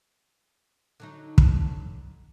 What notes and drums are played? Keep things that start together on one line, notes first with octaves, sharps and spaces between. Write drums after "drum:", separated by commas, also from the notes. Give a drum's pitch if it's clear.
D3 F#3 D#4
drum: kick